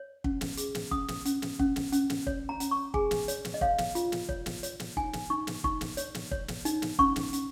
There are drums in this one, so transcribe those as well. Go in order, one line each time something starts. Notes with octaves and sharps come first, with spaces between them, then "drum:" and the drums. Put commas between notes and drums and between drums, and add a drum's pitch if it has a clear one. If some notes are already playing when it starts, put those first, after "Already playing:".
Already playing: C#5
C#4, drum: kick
drum: snare
G#4, drum: hi-hat
drum: snare
C#4 D#6, drum: kick
drum: snare
C#4, drum: hi-hat
drum: snare
C#4, drum: kick
drum: snare
C#4, drum: hi-hat
drum: snare
C#5, drum: kick
A#5
C#4, drum: hi-hat
C#6
G#4 G#5, drum: kick
drum: snare
C#5, drum: hi-hat
drum: snare
D#5
C#5 F5, drum: kick
drum: snare
F4, drum: hi-hat
drum: snare
C#5, drum: kick
drum: snare
C#5, drum: hi-hat
drum: snare
D#4 G#5, drum: kick
drum: snare
D#4 C#6
drum: snare
D#4 C#6, drum: kick
drum: snare
C#5, drum: hi-hat
drum: snare
C#5, drum: kick
drum: snare
D#4, drum: hi-hat
drum: snare
C#4 C#6, drum: kick
drum: snare
C#4, drum: hi-hat